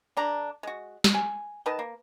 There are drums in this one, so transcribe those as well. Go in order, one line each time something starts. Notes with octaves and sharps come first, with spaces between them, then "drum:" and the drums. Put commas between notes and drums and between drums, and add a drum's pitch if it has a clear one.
D3 D4 A#5
G#3 F#4
drum: snare
G#5
D#3 B4 D#5 A5
A#3